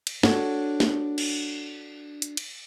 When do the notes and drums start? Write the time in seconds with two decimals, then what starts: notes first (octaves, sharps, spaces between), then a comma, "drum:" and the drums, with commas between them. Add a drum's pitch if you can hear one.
0.07 drum: cymbal
0.23 D4 F#4 A4 C#5, drum: snare
0.80 drum: snare
1.18 drum: cymbal
2.22 drum: hi-hat
2.37 drum: cymbal